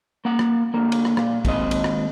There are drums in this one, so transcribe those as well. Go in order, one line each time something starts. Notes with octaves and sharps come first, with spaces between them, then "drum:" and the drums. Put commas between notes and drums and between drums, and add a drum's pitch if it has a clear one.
A#3 F#5
drum: rim click
D3 A#3
drum: cymbal
drum: rim click
A#2, drum: rim click
D#2 G#2 C4 D#5, drum: kick, cymbal
drum: cymbal
drum: rim click